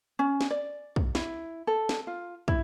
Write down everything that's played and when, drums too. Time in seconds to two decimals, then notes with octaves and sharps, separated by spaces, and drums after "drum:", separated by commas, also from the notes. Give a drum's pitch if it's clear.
0.19 C#4
0.41 drum: snare
0.51 D5
0.96 drum: kick
1.15 E4, drum: snare
1.67 A4
1.89 drum: snare
2.07 F4
2.48 E4, drum: kick